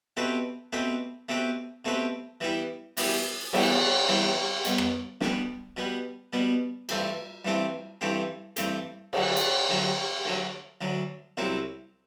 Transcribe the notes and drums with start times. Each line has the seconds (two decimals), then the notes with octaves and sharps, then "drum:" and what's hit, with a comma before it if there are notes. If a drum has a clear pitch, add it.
0.17 B2 A3 C4 G4 B4
0.73 B2 A3 C4 G4 B4
1.29 B2 A3 C4 G4 B4
1.85 B2 A3 C4 G4 B4
2.41 E3 G3 B3 E4 G4
2.97 E3 G3 B3 E4 G4, drum: open hi-hat
3.53 E3 G3 B3 E4 G4, drum: cymbal
4.08 E3 G3 B3 E4 G4
4.65 B2 G3 B3, drum: hi-hat
4.78 drum: rim click
5.21 B2 G3 B3, drum: snare
5.77 B2 G3 B3
6.33 B2 G3 B3
6.89 G2 E3 A3 C4 G4, drum: cymbal
7.45 G2 E3 A3 C4 G4
8.01 G2 E3 A3 C4 G4
8.56 G2 E3 A3 C4 G4, drum: hi-hat
9.13 D2 D3 F#3, drum: cymbal
9.37 drum: hi-hat
9.69 D2 D3 F#3
10.25 D2 D3 F#3
10.81 D2 D3 F#3
11.37 C2 C3 F#3 C4 E4